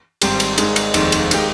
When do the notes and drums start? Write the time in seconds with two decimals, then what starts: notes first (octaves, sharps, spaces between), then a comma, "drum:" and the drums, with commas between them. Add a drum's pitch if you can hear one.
0.22 G#1 G#2 G3 C4 G4, drum: cymbal
0.40 drum: cymbal
0.58 G#2 D#3 G#3 D#4 G#4, drum: cymbal
0.76 drum: cymbal
0.94 F1 D#2 D#3 G#3 C4, drum: cymbal
1.12 drum: cymbal
1.31 D#3 G#3 D#4 G4, drum: cymbal